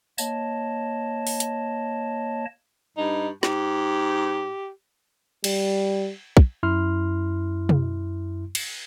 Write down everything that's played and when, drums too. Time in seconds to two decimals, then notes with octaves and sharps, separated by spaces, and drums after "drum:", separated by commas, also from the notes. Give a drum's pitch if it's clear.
0.18 A#3 C#5 D#5 A5, drum: tambourine
1.27 drum: open hi-hat
1.40 drum: hi-hat
2.97 G2 D#4
3.43 G#2 G4, drum: snare
5.44 G3, drum: cymbal
6.37 drum: kick
6.63 F#2 E4 C6 F6
7.69 drum: tom
8.55 drum: cymbal